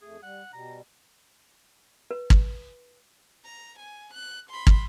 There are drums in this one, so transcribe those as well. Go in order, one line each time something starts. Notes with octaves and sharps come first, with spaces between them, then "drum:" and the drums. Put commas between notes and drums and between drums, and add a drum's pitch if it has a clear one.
F2 A3 G#4
G3 F#5
B2 G3 A#5
B4
drum: kick
A#5
G#5
F#6
B5 C6
drum: kick